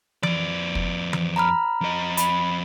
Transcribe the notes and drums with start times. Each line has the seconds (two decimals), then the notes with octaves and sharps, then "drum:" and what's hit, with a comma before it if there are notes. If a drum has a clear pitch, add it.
0.23 F2 D5, drum: tom E3
0.75 drum: kick
1.13 drum: tom E3
1.36 A#5 B5 F6
1.81 F2 D#5
2.17 B5, drum: hi-hat